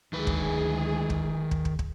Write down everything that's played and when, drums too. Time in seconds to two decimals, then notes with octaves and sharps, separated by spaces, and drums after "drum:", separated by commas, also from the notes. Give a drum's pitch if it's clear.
0.13 D2 D#3 G#3 G#4 B4
0.27 drum: kick
1.10 drum: kick
1.51 drum: kick
1.65 drum: kick
1.79 drum: kick